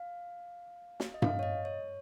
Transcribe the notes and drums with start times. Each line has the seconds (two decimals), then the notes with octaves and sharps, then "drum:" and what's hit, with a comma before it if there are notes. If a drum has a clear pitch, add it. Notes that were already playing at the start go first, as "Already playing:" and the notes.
Already playing: F5
1.00 drum: snare
1.14 D#5
1.22 F5, drum: tom G2
1.39 C#5
1.43 D#5
1.65 C#5